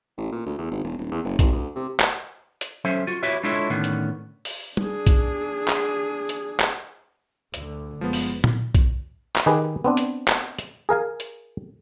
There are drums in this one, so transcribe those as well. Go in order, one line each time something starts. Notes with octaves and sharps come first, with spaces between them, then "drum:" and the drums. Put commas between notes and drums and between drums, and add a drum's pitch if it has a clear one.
A1
A#2
D2
E2
G#1
E1
D#1
E2
F#1
A1, drum: kick B1, hi-hat
D2
C3
drum: clap
drum: hi-hat
F#3 C#4 A4 C5 E5
F4 F#4
E4 F#4 G4 B4 C#5 E5
G#3 D4 E4 F4 A4 C#5
A2 D3 D#3 B3 C#4
drum: hi-hat
drum: open hi-hat
D4 G#4, drum: tom
drum: kick B1, hi-hat
drum: clap
drum: hi-hat
drum: clap
D2 D3, drum: hi-hat
F#1 F3 G#3 B3
drum: open hi-hat
drum: tom A#2
drum: kick B1, hi-hat
drum: clap
D#3 G4 G#4 B4
B3 C4 D4
drum: hi-hat
drum: clap
drum: hi-hat
G#4 A#4 F5 G#5
drum: hi-hat